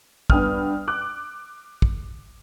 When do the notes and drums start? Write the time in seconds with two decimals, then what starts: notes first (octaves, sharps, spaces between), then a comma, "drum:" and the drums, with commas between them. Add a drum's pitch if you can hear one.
0.30 G2 B3 G5 D#6 F6, drum: kick
0.88 D6 F#6
1.82 drum: kick